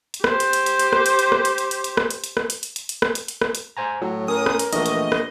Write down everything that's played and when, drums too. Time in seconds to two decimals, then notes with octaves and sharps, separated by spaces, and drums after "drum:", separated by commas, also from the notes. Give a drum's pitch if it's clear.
0.14 drum: hi-hat
0.24 G4 C5, drum: rim click
0.40 drum: hi-hat
0.53 drum: hi-hat
0.66 drum: hi-hat
0.79 drum: hi-hat
0.93 drum: rim click
1.06 drum: hi-hat
1.19 drum: hi-hat
1.32 drum: rim click
1.45 drum: hi-hat
1.58 drum: hi-hat
1.71 drum: hi-hat
1.84 drum: hi-hat
1.97 drum: rim click
2.10 drum: hi-hat
2.24 drum: hi-hat
2.37 drum: rim click
2.50 drum: hi-hat
2.63 drum: hi-hat
2.76 drum: hi-hat
2.89 drum: hi-hat
3.02 drum: rim click
3.15 drum: hi-hat
3.28 drum: hi-hat
3.42 drum: rim click
3.55 drum: hi-hat
3.77 C5 G#5 A#5
4.02 A2 F#3
4.28 C#4 A#4 D#6
4.46 drum: rim click
4.59 drum: hi-hat
4.73 A#1 E3 A3 D#5, drum: hi-hat
4.86 drum: hi-hat
5.12 drum: rim click